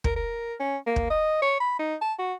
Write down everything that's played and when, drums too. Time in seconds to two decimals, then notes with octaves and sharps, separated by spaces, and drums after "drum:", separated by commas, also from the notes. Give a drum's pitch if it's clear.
0.04 A#4, drum: kick
0.16 A#4
0.60 C#4
0.86 A#3
0.96 drum: kick
1.10 D#5
1.42 C#5
1.60 B5
1.79 D#4
2.01 A5
2.18 F#4